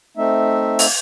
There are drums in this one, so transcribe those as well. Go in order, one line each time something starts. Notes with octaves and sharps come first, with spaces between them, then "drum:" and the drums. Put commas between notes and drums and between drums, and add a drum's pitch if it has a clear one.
A3 C4 D#4 E5
drum: open hi-hat